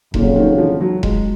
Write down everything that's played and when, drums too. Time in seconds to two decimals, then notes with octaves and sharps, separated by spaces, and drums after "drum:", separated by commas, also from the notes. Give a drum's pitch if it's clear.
0.14 F2 A#2 C#3 F#3, drum: kick E1
0.36 D#3
0.58 F3
0.81 F#3
1.03 G#3, drum: kick E1